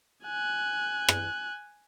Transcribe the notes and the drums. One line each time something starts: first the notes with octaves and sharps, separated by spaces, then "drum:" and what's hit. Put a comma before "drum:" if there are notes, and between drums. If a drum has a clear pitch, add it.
G#5 F#6
drum: rim click